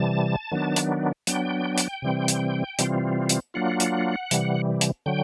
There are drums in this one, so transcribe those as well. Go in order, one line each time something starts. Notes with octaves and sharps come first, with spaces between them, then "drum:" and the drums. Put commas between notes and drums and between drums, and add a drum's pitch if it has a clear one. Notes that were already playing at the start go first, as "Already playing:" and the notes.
Already playing: C3 E3 G3 A5
D#3 F#3 B3 D4
drum: hi-hat
F#3 B3 D4 G5, drum: hi-hat
drum: hi-hat
C3 E3 G3 C4
drum: hi-hat
C3 E3 G3 C4 F4, drum: hi-hat
drum: hi-hat
F#3 A#3 D4 F4 F#5
drum: hi-hat
C3 E3 G3, drum: hi-hat
drum: hi-hat
D3 F#3 G5